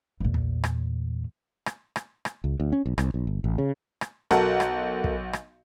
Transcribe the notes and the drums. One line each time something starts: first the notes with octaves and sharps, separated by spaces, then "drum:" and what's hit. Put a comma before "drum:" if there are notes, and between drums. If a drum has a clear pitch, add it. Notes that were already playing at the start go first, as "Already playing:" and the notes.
E2 A#2
drum: kick
drum: rim click
drum: rim click
drum: rim click
drum: rim click
C#2
D2
C#4
B1
C2, drum: rim click
B1
G1
A1
C#3
drum: rim click
B1 F#4 A4 A#4 F#5, drum: rim click
drum: rim click
drum: kick
drum: rim click